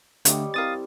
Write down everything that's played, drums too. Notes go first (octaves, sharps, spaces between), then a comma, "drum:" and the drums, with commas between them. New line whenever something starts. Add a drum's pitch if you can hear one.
D3 G3 A3 C#5 D#5, drum: hi-hat
C4 E4 A#4 F5 D#6 A6